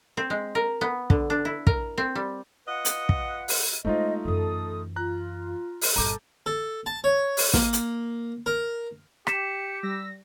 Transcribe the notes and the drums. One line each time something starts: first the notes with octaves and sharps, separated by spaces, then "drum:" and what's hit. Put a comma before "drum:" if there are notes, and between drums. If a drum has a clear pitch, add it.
C4
G#3
A#4
B3
D3, drum: kick
D4
E4
A#4, drum: kick
C4
G3
F4 B4 D#5 F#5
drum: hi-hat
drum: kick
drum: open hi-hat
G#3 A3 B3 D#4 F4 C5 D#5
F#2 E3 A4 D#6
F4 A#5 F#6
drum: open hi-hat
G1 A#2 A4 A#5 D6 G6
A4
A5
C#5
drum: open hi-hat
A#3, drum: snare
drum: hi-hat
A#4
G4 B6 C#7 E7, drum: rim click
G3 E6 A#6